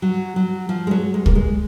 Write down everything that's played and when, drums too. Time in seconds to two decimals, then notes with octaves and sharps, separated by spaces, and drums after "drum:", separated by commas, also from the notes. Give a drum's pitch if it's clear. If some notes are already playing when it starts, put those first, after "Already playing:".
0.02 F#3
0.36 F#3
0.69 F3
0.87 G#3
0.91 F#3
1.14 G#3
1.26 A#3, drum: kick
1.35 G#3